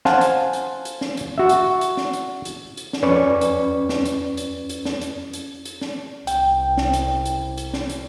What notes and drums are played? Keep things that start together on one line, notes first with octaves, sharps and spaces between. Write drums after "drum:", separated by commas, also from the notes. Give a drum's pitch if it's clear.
C5 F5 F#5 G#5 A5, drum: snare
drum: hi-hat
drum: hi-hat
drum: hi-hat
drum: snare
drum: hi-hat
F#4 E5
drum: hi-hat
drum: hi-hat
drum: snare
drum: hi-hat
drum: hi-hat
drum: hi-hat
drum: snare
F2 C#4 B4 D5 C#6
drum: hi-hat
drum: snare
drum: hi-hat
drum: hi-hat
drum: hi-hat
drum: snare
drum: hi-hat
drum: hi-hat
drum: hi-hat
drum: snare
C2 G5, drum: hi-hat
drum: snare
drum: hi-hat
drum: hi-hat
drum: hi-hat
drum: snare
drum: hi-hat